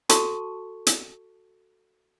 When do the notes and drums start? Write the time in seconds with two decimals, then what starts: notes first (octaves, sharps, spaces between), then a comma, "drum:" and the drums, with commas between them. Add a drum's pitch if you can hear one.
0.09 F#4 A4 A5 C#6, drum: hi-hat
0.87 drum: hi-hat